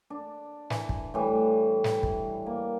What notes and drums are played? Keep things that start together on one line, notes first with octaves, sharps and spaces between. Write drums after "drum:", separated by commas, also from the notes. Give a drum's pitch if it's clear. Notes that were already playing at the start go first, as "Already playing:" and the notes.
D4
E3, drum: snare
drum: kick
A2 E3 G3
drum: snare
drum: kick
A#3